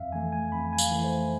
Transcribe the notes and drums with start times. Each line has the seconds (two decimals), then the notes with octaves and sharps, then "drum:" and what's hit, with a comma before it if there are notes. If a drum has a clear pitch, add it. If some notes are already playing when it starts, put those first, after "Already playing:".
Already playing: F2 E5 F5
0.12 E3 A3 G#5
0.32 G#5
0.52 F2 B5
0.73 G#5
0.78 F5, drum: tambourine
0.91 E3 A3
1.04 C5